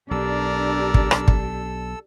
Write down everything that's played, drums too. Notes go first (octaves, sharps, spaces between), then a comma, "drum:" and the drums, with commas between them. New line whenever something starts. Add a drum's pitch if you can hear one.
B1 D4 G4 A4 A#4 D5 E6
drum: kick
drum: rim click
drum: kick